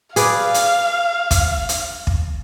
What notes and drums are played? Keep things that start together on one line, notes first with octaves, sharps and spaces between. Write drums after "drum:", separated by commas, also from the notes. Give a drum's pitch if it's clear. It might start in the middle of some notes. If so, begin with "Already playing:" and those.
G#4 B4 D5 F5, drum: hi-hat
drum: hi-hat
drum: kick, hi-hat
drum: hi-hat
drum: kick